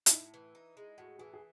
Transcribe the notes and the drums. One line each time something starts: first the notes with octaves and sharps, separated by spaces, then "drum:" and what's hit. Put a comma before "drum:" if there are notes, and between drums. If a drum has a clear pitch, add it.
D#4, drum: hi-hat
A2 E4
E3
D#4
G#3
A2 F#4
E3 G#4
G#4